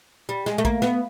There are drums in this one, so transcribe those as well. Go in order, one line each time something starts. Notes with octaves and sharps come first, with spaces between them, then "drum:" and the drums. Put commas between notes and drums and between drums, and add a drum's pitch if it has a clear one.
G3
G#3, drum: snare
A3
A#3, drum: kick
B3, drum: snare